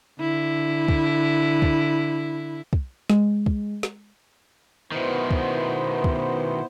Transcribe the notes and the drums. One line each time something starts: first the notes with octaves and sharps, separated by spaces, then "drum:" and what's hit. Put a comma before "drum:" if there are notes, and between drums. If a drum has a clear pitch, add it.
D3 E4
drum: kick
drum: kick
drum: kick
G#3, drum: snare
drum: kick
drum: snare
B2 D#3 B3 E4 C5
drum: kick
drum: kick